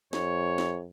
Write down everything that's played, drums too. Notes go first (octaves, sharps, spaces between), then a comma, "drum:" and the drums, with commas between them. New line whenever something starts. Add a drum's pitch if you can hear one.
F2 C#5, drum: snare
drum: snare